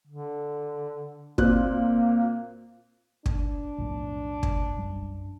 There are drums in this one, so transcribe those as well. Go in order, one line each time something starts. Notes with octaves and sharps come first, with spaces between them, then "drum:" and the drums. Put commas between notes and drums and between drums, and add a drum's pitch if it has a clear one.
D3
A#2 A#3 C4 F#6, drum: kick
D4, drum: kick
B1 F2 A2
F#1, drum: kick
B1 F#2 G3